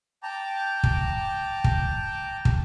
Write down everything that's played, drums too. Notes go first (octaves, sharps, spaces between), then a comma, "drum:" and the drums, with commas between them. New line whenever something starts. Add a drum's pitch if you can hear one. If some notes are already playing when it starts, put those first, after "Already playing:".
G5 A5 A#5 D6
drum: kick
drum: kick
drum: kick